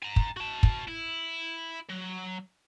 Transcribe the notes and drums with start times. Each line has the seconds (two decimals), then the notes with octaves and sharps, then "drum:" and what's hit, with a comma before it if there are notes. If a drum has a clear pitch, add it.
0.03 G#5 A#5
0.16 drum: kick
0.37 F#4 A5
0.63 drum: kick
0.88 E4
1.90 F#3